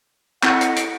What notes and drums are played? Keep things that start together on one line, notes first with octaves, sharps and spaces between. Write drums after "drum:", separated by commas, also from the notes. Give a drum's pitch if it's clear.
C4 E4 A4 D#5 F#5, drum: clap
drum: hi-hat
D7, drum: hi-hat